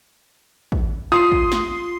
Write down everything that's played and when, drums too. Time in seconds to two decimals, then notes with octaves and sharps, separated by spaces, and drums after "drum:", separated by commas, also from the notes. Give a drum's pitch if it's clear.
0.72 drum: kick
1.12 F4 C6 D#6 C7
1.32 drum: kick
1.52 drum: snare